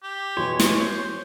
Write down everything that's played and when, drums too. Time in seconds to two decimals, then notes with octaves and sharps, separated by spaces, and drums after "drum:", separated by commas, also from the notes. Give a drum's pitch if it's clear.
0.03 G4
0.37 B2 E3 F#4 C#5
0.60 drum: snare
0.75 C5 C6